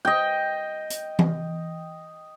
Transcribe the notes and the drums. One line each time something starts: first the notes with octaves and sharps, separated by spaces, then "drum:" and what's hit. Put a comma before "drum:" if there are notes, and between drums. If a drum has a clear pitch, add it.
D#5 G5
drum: hi-hat
drum: tom E3